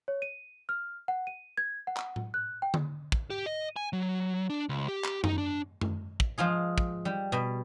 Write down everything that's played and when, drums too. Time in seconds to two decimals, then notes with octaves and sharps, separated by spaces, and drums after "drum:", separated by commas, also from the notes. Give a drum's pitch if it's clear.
0.08 C#5
0.22 D#7
0.69 F6
1.08 F#5
1.27 D#7
1.57 G#6
1.87 F#5
1.97 drum: clap
2.16 drum: tom A2
2.34 F#6
2.62 G5
2.74 drum: tom D3
3.12 drum: kick
3.30 G4
3.46 D#5
3.76 G#5
3.93 F#3
4.50 D4
4.69 C#2
4.88 G4
5.05 drum: clap
5.24 D#4, drum: tom F#2
5.38 D4
5.81 drum: tom F#2
6.20 drum: kick
6.38 F3 G#3 F4 G#4
6.78 drum: kick
7.05 G3
7.32 B2